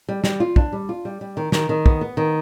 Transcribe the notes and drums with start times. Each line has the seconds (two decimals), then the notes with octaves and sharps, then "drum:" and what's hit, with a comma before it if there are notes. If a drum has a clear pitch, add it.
0.09 G3
0.24 G3, drum: snare
0.40 F4
0.56 D4, drum: kick
0.73 G3
0.89 F4
1.05 G3
1.21 G3
1.37 D#3
1.52 D#3, drum: snare
1.69 D#3
1.86 B3, drum: kick
2.01 B3
2.17 D#3